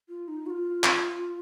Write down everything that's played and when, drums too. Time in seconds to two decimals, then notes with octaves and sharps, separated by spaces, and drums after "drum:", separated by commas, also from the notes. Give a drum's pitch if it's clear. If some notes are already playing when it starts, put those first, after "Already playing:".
0.09 F4
0.28 D#4
0.46 F#4
0.50 F4
0.84 drum: clap